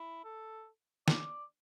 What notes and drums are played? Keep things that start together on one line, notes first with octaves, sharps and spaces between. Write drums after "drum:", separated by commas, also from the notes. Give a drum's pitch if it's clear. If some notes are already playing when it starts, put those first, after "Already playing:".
Already playing: E4
A4
D5, drum: snare